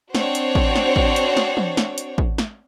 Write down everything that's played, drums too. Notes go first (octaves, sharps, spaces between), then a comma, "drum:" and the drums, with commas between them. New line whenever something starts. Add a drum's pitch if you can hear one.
C4 D4 F#4 C5 C#5, drum: snare
drum: hi-hat
drum: kick
drum: snare
drum: kick
drum: hi-hat
drum: snare
drum: tom
drum: snare
drum: hi-hat
drum: kick
drum: snare